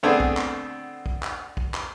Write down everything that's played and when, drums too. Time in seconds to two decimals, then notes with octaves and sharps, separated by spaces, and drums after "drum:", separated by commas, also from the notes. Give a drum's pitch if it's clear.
0.03 D3 A3 B3 C4 D4 G#4
0.20 drum: kick
0.37 drum: clap
1.06 drum: kick
1.23 drum: clap
1.57 drum: kick
1.74 drum: clap